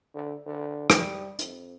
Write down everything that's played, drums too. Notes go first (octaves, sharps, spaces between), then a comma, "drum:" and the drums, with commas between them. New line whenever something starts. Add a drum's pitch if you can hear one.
D3
D3
G3, drum: rim click
F2, drum: hi-hat